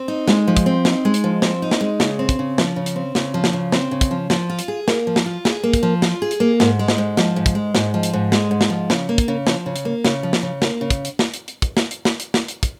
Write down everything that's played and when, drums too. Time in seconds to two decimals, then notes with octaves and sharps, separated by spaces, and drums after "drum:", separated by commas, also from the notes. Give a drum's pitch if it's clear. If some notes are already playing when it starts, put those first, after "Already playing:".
Already playing: C4
0.08 D#4
0.28 G#3, drum: snare
0.48 F3
0.57 drum: kick, hi-hat
0.66 C4
0.85 D#4, drum: snare
1.05 G#3
1.14 drum: hi-hat
1.24 F3
1.42 C4, drum: snare
1.62 D#4
1.71 drum: snare
1.81 G#3
2.00 C#3, drum: snare
2.19 C4
2.29 drum: kick, hi-hat
2.39 C#3
2.58 F3, drum: snare
2.76 C#3
2.86 drum: hi-hat
2.96 C4
3.15 C#3, drum: snare
3.34 F3
3.44 drum: snare
3.53 C#3
3.72 C4, drum: snare
3.91 C#3
4.01 drum: kick, hi-hat
4.11 F3
4.30 F3, drum: snare
4.49 F4
4.59 drum: hi-hat
4.68 G#4
4.88 A#3, drum: snare
5.07 F3
5.16 drum: snare
5.26 F4
5.45 G#4, drum: snare
5.63 A#3
5.74 drum: kick, hi-hat
5.83 F3
6.02 F4, drum: snare
6.22 G#4
6.31 drum: hi-hat
6.40 A#3
6.60 G#2, drum: snare
6.79 G#3
6.88 drum: snare
6.98 G#2
7.17 F3, drum: snare
7.36 G#2
7.46 drum: kick, hi-hat
7.55 G#3
7.75 G#2, drum: snare
7.94 F3
8.03 drum: hi-hat
8.13 G#2
8.32 G#3, drum: snare
8.51 G#2
8.61 drum: snare
8.70 F3
8.90 C#3, drum: snare
9.09 A#3
9.18 drum: kick, hi-hat
9.28 C#3
9.47 F3, drum: snare
9.66 C#3
9.76 drum: hi-hat
9.85 A#3
10.05 C#3, drum: snare
10.23 F3
10.33 drum: snare
10.42 C#3
10.62 A#3, drum: snare
10.81 C#3
10.90 drum: kick, hi-hat
11.05 drum: hi-hat
11.19 drum: snare
11.34 drum: hi-hat
11.48 drum: hi-hat
11.62 drum: kick, hi-hat
11.77 drum: snare
11.91 drum: hi-hat
12.05 drum: snare
12.20 drum: hi-hat
12.34 drum: snare
12.48 drum: hi-hat
12.63 drum: kick, hi-hat